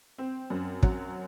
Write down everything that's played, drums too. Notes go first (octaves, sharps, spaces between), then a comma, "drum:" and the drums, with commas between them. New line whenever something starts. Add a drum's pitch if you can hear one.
C4
F#2
F#3, drum: kick